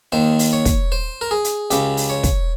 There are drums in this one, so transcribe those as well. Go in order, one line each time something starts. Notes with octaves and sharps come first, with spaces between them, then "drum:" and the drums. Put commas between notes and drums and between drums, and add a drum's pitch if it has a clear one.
D#2 D#3 C5
drum: open hi-hat
C#5
drum: kick, hi-hat
C5
A#4
G#4
drum: hi-hat
C#2 C#3 G4, drum: hi-hat
drum: open hi-hat
C#5
drum: kick, hi-hat